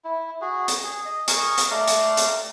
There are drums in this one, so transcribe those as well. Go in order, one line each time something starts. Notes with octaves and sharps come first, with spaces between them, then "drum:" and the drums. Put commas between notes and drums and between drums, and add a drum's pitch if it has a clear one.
E4
F#4 G#4
drum: hi-hat
G#4
D#5
G#4 A#4 D#5 C#6, drum: hi-hat
drum: hi-hat
A3 D5 F5 A#5
drum: hi-hat
drum: hi-hat